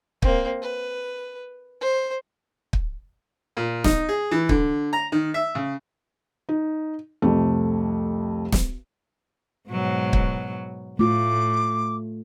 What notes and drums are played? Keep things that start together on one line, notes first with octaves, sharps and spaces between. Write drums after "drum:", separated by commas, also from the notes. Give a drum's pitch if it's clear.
A#3 C4, drum: kick
B4
C5
drum: kick
A#2
D#4, drum: snare
G#4
E3
D3, drum: kick
A#5
D#3
E5
C#3
D#4
C2 F2 A3
drum: snare
G#2 B2 F#3
drum: kick
A2 A3 F4 D6